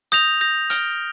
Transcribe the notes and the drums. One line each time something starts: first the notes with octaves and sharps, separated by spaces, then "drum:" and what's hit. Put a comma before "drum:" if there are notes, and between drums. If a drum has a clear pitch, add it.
D#6 G6 A#6 F7, drum: hi-hat
D#6 G6 A#6 F7
F6 A#6 D7 G7, drum: hi-hat